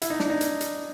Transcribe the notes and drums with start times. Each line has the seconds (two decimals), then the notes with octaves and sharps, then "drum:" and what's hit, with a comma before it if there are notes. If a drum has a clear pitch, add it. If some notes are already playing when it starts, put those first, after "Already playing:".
0.02 E4, drum: hi-hat
0.10 D#4
0.20 D4, drum: snare
0.30 D#4
0.41 drum: hi-hat
0.61 drum: hi-hat